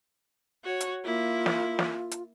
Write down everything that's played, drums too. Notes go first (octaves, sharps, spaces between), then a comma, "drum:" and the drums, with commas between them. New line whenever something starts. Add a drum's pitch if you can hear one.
F#4 C#5
drum: hi-hat
A#3 E4 F4
drum: snare
drum: snare
drum: hi-hat